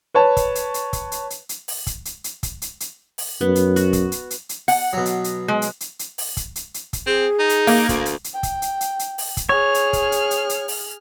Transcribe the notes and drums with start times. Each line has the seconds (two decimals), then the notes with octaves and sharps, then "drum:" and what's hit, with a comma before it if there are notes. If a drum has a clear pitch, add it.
0.14 B4 C#5 A5
0.37 drum: kick, hi-hat
0.55 drum: hi-hat
0.74 drum: hi-hat
0.93 drum: kick, hi-hat
1.12 drum: hi-hat
1.30 drum: hi-hat
1.49 drum: hi-hat
1.68 drum: open hi-hat
1.87 drum: kick, hi-hat
2.05 drum: hi-hat
2.24 drum: hi-hat
2.43 drum: kick, hi-hat
2.62 drum: hi-hat
2.80 drum: hi-hat
3.18 drum: open hi-hat
3.41 F#2 B3
3.55 drum: hi-hat
3.76 F#4, drum: hi-hat
3.93 drum: kick, hi-hat
4.12 drum: hi-hat
4.30 drum: hi-hat
4.49 drum: hi-hat
4.68 F#5, drum: open hi-hat
4.93 B2 F#3
5.05 drum: hi-hat
5.24 drum: hi-hat
5.48 G#3
5.62 drum: hi-hat
5.81 drum: hi-hat
5.99 drum: hi-hat
6.18 drum: open hi-hat
6.37 drum: kick, hi-hat
6.56 drum: hi-hat
6.74 drum: hi-hat
6.93 drum: kick, hi-hat
7.07 C4 G#4
7.39 D#4
7.49 drum: hi-hat
7.67 A#3, drum: open hi-hat
7.89 D2, drum: kick, hi-hat
8.06 drum: hi-hat
8.24 drum: hi-hat
8.34 G5
8.43 drum: kick, hi-hat
8.62 drum: hi-hat
8.81 drum: hi-hat
8.99 drum: hi-hat
9.18 drum: open hi-hat
9.37 drum: kick, hi-hat
9.49 G#4 C#5 F6
9.74 drum: hi-hat
9.93 drum: kick, hi-hat
10.12 drum: hi-hat
10.31 drum: hi-hat
10.49 drum: hi-hat
10.68 drum: open hi-hat